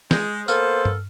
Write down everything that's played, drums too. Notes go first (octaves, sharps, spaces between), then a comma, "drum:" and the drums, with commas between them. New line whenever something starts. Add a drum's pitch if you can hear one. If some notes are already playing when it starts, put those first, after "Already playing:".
G#3 G6, drum: snare
A#3 B3 A4 C5 F6, drum: tambourine
drum: tom G2